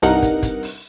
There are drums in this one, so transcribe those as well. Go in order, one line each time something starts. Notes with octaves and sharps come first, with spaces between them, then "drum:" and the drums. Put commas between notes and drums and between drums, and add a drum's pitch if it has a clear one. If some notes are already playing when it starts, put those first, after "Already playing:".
C2 G2 D#4 A#4 F#5, drum: hi-hat
drum: kick, hi-hat
drum: kick, hi-hat
drum: open hi-hat